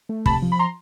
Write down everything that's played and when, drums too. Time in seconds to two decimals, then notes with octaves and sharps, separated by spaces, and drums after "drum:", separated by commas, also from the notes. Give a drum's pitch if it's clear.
0.09 A3
0.26 C3 A5 B5, drum: kick
0.42 F3
0.52 B5
0.59 A#5 C6